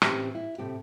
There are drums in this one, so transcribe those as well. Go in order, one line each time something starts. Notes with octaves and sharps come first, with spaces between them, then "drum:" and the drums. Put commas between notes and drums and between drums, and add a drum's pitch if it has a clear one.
A2 E3 C4 C#4 E4 G4, drum: rim click
E4
A2 C3 C4 G4